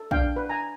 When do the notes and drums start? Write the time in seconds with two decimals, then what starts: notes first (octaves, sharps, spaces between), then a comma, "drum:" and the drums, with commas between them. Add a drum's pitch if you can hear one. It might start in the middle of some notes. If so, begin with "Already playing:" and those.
Already playing: A4
0.11 D4 F5 G5, drum: kick
0.36 B4
0.49 G#5 A#5